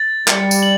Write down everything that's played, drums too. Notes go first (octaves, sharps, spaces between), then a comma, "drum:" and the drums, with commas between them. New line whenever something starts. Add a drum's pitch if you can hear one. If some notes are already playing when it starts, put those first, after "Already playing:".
Already playing: A6
G3 C#7, drum: clap
drum: tambourine
F#7